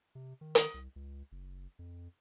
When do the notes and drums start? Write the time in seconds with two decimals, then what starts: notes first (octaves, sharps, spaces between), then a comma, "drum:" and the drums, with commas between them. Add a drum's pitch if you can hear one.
0.15 C3
0.41 D#3
0.55 drum: hi-hat
0.74 C2
0.96 C#2
1.32 F#1
1.79 F2